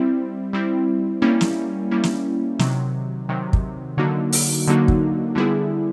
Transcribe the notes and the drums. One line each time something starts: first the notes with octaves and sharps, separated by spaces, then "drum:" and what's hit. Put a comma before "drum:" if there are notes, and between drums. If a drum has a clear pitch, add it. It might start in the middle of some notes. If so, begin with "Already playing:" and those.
Already playing: G3 C4 E4
G3 C4 E4
G3 A#3 C#4 E4
drum: snare
G3 A#3 C#4 E4
drum: snare
C3 D#3 F#3, drum: snare
C3 D#3 F#3
drum: kick
D3 F#3 A#3 D#4 F#4
drum: open hi-hat
D3 F#3 A#3 D#4 F#4
drum: kick
D3 G3 B3 E4 G#4